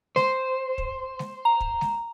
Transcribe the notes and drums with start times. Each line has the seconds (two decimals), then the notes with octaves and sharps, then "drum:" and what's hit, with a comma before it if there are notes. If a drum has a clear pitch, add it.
0.16 C5, drum: snare G#3
0.78 drum: kick
1.19 drum: snare G#3
1.45 A#5
1.60 drum: kick
1.81 drum: snare G#3